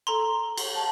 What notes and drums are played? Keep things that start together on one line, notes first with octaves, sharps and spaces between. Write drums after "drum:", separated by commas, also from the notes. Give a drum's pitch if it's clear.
A4 A#5 C6
drum: cymbal
A5